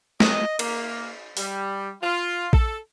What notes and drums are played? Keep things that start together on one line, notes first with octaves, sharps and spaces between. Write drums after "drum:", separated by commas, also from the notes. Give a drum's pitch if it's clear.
D#5, drum: snare
A#3, drum: cymbal
G3, drum: open hi-hat
F4
A4, drum: kick A#1